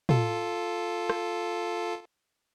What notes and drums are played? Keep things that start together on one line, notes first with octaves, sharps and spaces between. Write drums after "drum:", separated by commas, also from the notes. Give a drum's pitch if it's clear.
F4 A4, drum: tom
drum: rim click